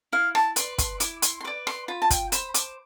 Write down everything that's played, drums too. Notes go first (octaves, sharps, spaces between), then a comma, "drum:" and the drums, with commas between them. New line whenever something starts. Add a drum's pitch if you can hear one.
E4 F5
A5, drum: rim click
B4 D5 C6, drum: hi-hat
C6, drum: kick, hi-hat
E4 D6, drum: hi-hat
C6, drum: hi-hat
C6
B4 D5 D6
C6, drum: rim click
F4 B5
A5
G5, drum: kick, hi-hat
C5 B5, drum: hi-hat
D6, drum: hi-hat